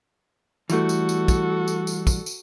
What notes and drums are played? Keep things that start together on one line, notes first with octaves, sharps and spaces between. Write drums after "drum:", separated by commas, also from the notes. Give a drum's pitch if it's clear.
E3 G3 A3 F#4 A4, drum: tambourine
drum: tambourine
drum: tambourine
drum: kick, tambourine
drum: tambourine
drum: tambourine
drum: kick, tambourine
drum: tambourine